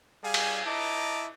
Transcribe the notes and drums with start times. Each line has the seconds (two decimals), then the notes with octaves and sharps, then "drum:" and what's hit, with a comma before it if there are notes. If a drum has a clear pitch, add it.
0.23 G3 G#4 F5 G#5
0.34 drum: cymbal
0.65 E4 D#5 A5 A#5 D6